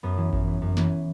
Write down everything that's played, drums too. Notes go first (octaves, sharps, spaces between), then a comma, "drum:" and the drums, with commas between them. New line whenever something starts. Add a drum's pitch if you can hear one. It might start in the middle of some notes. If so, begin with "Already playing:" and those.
F#2 B3
E3
F#2, drum: kick G#1
E3
F#2
E3, drum: snare